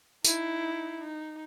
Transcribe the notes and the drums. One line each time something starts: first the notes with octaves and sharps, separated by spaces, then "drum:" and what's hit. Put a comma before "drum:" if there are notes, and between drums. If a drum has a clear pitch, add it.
D#4 E4, drum: tambourine
D#4